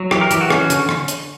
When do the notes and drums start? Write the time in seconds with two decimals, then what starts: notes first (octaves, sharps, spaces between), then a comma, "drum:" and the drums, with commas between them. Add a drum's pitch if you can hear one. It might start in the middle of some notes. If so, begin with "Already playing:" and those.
Already playing: F#3
0.11 E3 G4, drum: rim click
0.21 A#4
0.31 E3 G4, drum: hi-hat
0.41 F#4
0.50 C#4, drum: rim click
0.70 D3, drum: hi-hat
0.89 drum: rim click
1.08 drum: hi-hat